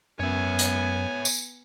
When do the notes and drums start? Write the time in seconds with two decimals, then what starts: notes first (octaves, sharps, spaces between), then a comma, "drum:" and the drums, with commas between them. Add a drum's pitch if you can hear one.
0.20 F#2 B3 C#5 E5 G#5
0.59 drum: hi-hat
1.25 drum: tambourine